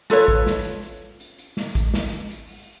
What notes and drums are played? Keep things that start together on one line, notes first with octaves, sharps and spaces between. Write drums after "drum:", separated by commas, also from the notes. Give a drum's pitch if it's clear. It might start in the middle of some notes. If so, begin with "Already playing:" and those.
F4 A4 B4 C#5, drum: snare
drum: kick A1
drum: snare
drum: hi-hat
drum: hi-hat
drum: hi-hat
drum: hi-hat
drum: snare
drum: kick A1, hi-hat
drum: snare
drum: hi-hat
drum: hi-hat
drum: open hi-hat